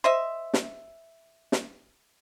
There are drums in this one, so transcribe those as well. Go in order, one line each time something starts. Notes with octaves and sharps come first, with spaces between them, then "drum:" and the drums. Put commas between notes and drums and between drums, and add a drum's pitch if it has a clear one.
C5 D#5 E5
drum: snare
drum: snare